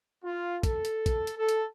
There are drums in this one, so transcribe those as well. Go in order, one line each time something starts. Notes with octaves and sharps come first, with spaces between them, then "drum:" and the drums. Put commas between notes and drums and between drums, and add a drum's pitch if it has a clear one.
F4
A4, drum: kick, hi-hat
drum: hi-hat
drum: kick, hi-hat
drum: hi-hat
A4
drum: hi-hat